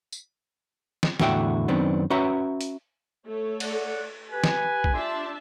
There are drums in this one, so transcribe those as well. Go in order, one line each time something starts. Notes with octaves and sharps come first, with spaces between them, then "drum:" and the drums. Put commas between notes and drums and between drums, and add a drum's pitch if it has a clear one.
drum: tambourine
drum: snare
E2 A2 D3 F#4 E5 G5, drum: snare
F#2 D#3 B3 C4 D4
C#4 F#4 B4 E5 A#5
drum: hi-hat
A3 A4 C#5
D5 F#5, drum: cymbal
G4 B4 G#5
drum: snare
drum: kick
D4 F4 G4 E5 A5 C6